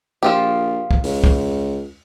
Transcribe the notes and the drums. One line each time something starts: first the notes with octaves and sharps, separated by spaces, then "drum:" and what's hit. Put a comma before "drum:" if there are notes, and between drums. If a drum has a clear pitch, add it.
A#1 F3 F4 G4
drum: kick
C#2, drum: open hi-hat
drum: kick